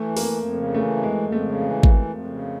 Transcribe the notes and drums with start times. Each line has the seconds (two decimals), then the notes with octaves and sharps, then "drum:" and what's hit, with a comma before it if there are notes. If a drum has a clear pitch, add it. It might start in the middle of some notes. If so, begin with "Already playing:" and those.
Already playing: E3 A3
0.10 F2
0.17 A#3, drum: open hi-hat
0.31 F2
0.53 C#3
0.74 E3 A3
0.96 F2
1.03 G#3
1.17 F2
1.32 A3
1.39 C#3
1.61 E3
1.83 F2, drum: kick G#1
2.05 F2
2.27 C#3